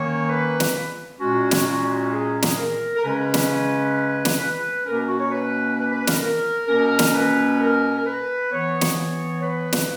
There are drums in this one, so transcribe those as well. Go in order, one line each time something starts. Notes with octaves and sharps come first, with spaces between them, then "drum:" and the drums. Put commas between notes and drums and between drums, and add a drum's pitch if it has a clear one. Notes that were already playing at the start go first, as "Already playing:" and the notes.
Already playing: D#3 A#3 C#4 C#5
B4
drum: snare
A#2 G#3 C#4 F#4
drum: snare
F#4
G#4
drum: snare
A#4
A#4
C#3 G#3 C#4 B4
drum: snare
drum: snare
B4
B2 A#3 C#4 A#4
F#4
C#5
B4
B4
B4
A#4, drum: snare
A#4
B2 A#3 C#4 A#4
drum: snare
B4
A#4
A#4
B4
E3 B3 C#5
drum: snare
B4
drum: snare